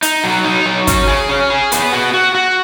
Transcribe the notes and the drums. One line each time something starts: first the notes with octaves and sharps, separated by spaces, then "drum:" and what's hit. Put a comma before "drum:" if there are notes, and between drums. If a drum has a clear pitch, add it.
D#4, drum: hi-hat
F#3
D#4
F#3
C#4, drum: kick, hi-hat
G#4
C#4
G#4
B3, drum: hi-hat
F#4
F#4
F#4